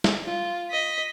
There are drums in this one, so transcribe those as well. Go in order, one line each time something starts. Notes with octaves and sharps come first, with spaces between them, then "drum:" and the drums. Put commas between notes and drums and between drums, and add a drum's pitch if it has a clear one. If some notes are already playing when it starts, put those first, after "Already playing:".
drum: snare
F4
D#5 B6